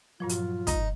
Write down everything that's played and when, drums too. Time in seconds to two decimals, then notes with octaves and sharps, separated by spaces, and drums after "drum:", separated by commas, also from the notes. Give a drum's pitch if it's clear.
0.20 G2 A#2 F3 F#3 F4
0.29 drum: hi-hat
0.67 G#2 D#4, drum: kick, hi-hat